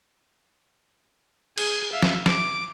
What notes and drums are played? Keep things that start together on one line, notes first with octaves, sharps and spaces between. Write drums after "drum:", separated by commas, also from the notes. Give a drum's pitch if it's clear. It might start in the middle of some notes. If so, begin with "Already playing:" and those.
G#4 G#5, drum: cymbal
E5 F5
drum: snare
D6, drum: snare